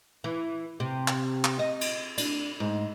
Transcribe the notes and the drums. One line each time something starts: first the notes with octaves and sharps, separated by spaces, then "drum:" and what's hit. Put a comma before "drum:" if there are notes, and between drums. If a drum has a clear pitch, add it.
E3
C3
drum: clap
drum: clap
D#5
drum: cymbal
D4, drum: cymbal
G#2